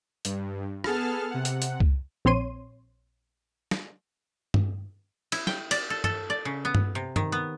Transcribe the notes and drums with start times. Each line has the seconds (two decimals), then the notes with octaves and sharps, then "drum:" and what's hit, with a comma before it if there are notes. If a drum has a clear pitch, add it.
0.25 G2, drum: hi-hat
0.84 B3 G#4 A4 A5 F6, drum: rim click
1.31 C3 F#5
1.45 drum: hi-hat
1.62 drum: hi-hat
1.80 drum: kick C2
2.25 A#1 C4 C#5 C6 D#7
3.71 drum: snare
4.54 drum: tom G2
5.32 E4, drum: cymbal
5.47 G5, drum: snare
5.71 D5, drum: cymbal
5.90 A4
6.04 A4, drum: tom G2
6.30 D5
6.45 C#3
6.65 B3
6.75 drum: tom G2
6.95 C3
7.16 D#3, drum: tom G2
7.32 B3